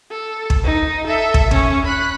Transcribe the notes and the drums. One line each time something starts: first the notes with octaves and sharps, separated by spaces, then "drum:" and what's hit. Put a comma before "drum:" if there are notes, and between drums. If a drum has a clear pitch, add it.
A4
drum: kick
D#4
A4 E5
drum: kick
C#4 C#6, drum: kick
B5 F#6